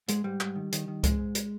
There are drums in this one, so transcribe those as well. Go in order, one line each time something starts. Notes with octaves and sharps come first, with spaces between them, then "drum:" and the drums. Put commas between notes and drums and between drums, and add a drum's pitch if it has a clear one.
G#2 G#3, drum: hi-hat
G#2 G3
G#2, drum: clap
D#3
D#3, drum: hi-hat
D#3
G#2 G#3, drum: kick C#2, hi-hat
G#2
drum: hi-hat